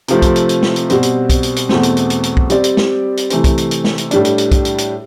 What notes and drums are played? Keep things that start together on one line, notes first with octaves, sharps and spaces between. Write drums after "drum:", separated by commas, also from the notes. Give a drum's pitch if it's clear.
C3 F3 A3 C4, drum: hi-hat
drum: kick B1, hi-hat
drum: hi-hat
drum: hi-hat
drum: snare
drum: hi-hat
B2 G3 C4, drum: hi-hat
drum: hi-hat
drum: kick B1, hi-hat
drum: hi-hat
drum: hi-hat
E2 B2 A3 C4, drum: snare
drum: hi-hat
drum: hi-hat
drum: hi-hat
drum: hi-hat
drum: kick B1
G3 C4 G4 D5, drum: hi-hat
drum: hi-hat
drum: snare
drum: hi-hat
C3 E3 A3 C4, drum: hi-hat
drum: kick B1, hi-hat
drum: hi-hat
drum: hi-hat
drum: snare
drum: hi-hat
A2 G3 D4, drum: hi-hat
drum: hi-hat
drum: hi-hat
drum: kick B1, hi-hat
drum: hi-hat
drum: hi-hat